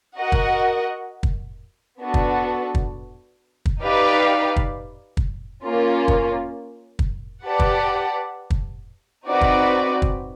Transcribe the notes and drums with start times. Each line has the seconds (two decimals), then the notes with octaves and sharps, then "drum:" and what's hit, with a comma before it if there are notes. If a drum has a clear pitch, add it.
0.17 F#4 A#4 D#5 F#5
0.32 drum: kick
1.23 drum: kick
1.99 B3 D4 F#4 A4
2.14 drum: kick
2.75 drum: kick
3.66 drum: kick
3.81 D#4 G4 B4 D5 F5
4.56 drum: kick
5.17 drum: kick
5.63 A#3 C#4 F4
6.08 drum: kick
6.99 drum: kick
7.45 G4 B4 D5 F#5 A5
7.60 drum: kick
8.50 drum: kick
9.26 C4 D#4 F#4 B4 D5
9.41 drum: kick
10.02 drum: kick